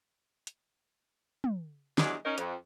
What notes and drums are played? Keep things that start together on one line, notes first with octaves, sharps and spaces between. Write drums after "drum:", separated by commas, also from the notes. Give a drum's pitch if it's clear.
drum: hi-hat
drum: tom
E2 G2 F#3 G#3 G#4 D5, drum: snare
C#4 D#4 A#4
F2, drum: hi-hat